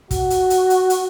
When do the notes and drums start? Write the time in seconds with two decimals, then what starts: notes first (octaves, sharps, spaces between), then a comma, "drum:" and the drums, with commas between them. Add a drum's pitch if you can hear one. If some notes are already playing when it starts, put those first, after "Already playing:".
0.11 F#4, drum: kick, hi-hat
0.30 drum: hi-hat
0.50 drum: hi-hat
0.70 drum: hi-hat
0.90 drum: hi-hat